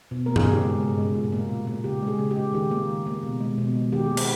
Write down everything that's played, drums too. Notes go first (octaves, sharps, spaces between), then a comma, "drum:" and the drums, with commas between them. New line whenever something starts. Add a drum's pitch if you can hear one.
B2
A#3 A#4
G#4, drum: tom G2
C#3 G4
G#3
C#3
G#3
A#2
A#3
A#2
A#3
C#3 G4
G#3
G#4
C#3
G4
G#3
D#3 G4
A#3
D#3
A#3
B2
G#3
B2
G#3
D#3 G4
A#3 G#4
G4, drum: cymbal